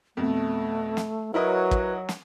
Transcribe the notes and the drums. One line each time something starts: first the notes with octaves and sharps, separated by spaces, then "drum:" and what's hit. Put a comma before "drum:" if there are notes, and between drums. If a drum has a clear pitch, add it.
F2 B2 A3
drum: snare
F#3 E4 A#4 B4 D#5
drum: kick
drum: snare